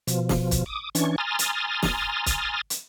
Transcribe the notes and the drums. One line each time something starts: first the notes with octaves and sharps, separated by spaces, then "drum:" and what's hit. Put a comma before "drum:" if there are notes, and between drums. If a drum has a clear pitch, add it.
B2 F3, drum: hi-hat
drum: snare
drum: kick, hi-hat
D6 D#6
E3 C#4 D4 C#6, drum: hi-hat
G#5 A#5 C6 D#6 F6 A6
drum: hi-hat
drum: snare
drum: kick, hi-hat
drum: hi-hat